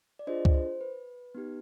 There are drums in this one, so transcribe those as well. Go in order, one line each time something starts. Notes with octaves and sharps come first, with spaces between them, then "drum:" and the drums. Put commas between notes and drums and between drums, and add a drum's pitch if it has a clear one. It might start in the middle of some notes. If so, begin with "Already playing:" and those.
D5
D4 F4 G#4 C5 D#5
drum: kick C#2
C5
B4
B3 D#4 G4